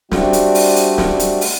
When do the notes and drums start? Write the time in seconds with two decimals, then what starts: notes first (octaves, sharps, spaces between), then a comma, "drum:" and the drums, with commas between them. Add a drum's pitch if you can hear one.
0.11 G3 A3 C4 D4 F#4, drum: snare
0.33 drum: hi-hat
0.55 drum: open hi-hat
0.76 drum: hi-hat
0.98 drum: snare
1.20 drum: hi-hat
1.41 drum: open hi-hat